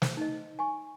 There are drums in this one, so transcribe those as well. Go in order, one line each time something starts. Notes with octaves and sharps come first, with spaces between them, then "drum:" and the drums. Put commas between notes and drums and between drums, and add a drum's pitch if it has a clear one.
C5, drum: snare
D#4 D#5
G#5 C#6